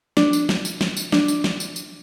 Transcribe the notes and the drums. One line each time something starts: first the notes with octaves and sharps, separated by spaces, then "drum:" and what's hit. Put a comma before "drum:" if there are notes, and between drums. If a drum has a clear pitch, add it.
D4, drum: snare
drum: tambourine
drum: snare
drum: tambourine
drum: snare
drum: tambourine
D4, drum: snare
drum: tambourine
drum: snare
drum: tambourine
drum: tambourine